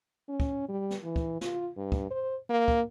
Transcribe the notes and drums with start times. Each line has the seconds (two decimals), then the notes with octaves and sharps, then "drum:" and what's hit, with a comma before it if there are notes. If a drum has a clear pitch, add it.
0.29 C#4
0.40 drum: kick
0.69 G3
0.90 drum: snare
1.04 E3
1.16 drum: kick
1.41 F4, drum: snare
1.77 G2
1.92 drum: kick
2.11 C5
2.50 A#3
2.68 drum: kick